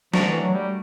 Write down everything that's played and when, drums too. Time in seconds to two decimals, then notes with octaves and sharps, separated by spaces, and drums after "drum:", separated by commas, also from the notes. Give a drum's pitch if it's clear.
0.14 F3 A3 D4 F#4 A#4, drum: snare
0.27 E3
0.40 F#3
0.54 G3